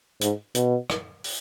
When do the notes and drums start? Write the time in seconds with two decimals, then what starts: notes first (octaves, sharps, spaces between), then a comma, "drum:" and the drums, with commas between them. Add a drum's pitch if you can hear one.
0.21 G#2, drum: hi-hat
0.55 B2, drum: hi-hat
0.90 drum: rim click
1.24 drum: open hi-hat